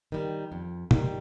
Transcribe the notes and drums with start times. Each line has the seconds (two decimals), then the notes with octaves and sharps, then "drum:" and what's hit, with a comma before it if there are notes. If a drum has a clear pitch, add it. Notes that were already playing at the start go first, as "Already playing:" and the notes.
0.12 D#3 G3
0.52 F2
0.91 D#3 G3, drum: tom